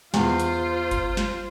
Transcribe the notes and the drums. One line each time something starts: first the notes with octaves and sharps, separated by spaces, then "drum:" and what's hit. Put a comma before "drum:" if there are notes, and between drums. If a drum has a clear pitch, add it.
E2 F4 C5, drum: snare
drum: hi-hat
drum: kick G1, hi-hat
drum: snare